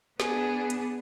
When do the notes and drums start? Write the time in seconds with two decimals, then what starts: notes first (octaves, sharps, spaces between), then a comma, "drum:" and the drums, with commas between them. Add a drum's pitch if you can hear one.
0.20 B3 D4 G#4, drum: snare
0.70 drum: hi-hat